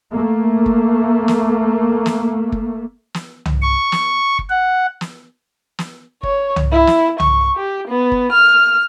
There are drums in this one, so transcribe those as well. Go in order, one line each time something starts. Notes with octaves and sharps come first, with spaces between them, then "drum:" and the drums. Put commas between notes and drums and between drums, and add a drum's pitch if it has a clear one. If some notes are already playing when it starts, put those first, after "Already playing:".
A3 A#3
drum: kick
drum: snare
drum: snare
drum: kick
drum: snare
drum: tom C2
C#6
drum: snare
drum: kick
F#5
drum: snare
drum: snare
C#5, drum: kick
drum: tom C2
E4
drum: snare
C#6, drum: tom C2
G4
B3
drum: kick
F6